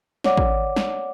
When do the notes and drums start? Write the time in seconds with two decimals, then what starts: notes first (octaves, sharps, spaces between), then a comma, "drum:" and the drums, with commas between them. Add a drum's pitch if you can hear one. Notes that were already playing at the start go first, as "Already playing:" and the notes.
0.24 C#5 D5 F#5 D6, drum: snare
0.37 drum: kick
0.76 drum: snare